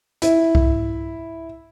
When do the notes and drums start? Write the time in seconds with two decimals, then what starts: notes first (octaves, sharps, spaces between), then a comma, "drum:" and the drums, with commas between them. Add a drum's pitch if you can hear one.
0.22 E4, drum: hi-hat
0.55 drum: kick C2